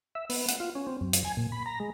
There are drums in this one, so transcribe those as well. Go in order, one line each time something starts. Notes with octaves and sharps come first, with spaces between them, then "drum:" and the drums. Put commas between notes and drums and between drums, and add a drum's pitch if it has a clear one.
E5
B3, drum: open hi-hat
F#5, drum: hi-hat
F4
C#4
C4
F#2
drum: hi-hat
G#5
A#2
B5
A#5
G#3